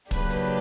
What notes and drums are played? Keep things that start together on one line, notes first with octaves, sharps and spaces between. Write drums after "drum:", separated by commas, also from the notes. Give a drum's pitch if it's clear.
C#3 F#3 A#3 D4 G4 B4, drum: kick, hi-hat
drum: hi-hat